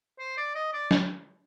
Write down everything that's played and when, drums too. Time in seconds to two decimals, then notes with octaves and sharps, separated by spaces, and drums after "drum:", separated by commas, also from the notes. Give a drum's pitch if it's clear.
0.19 C5
0.37 D5
0.55 D#5
0.73 D5
0.91 drum: snare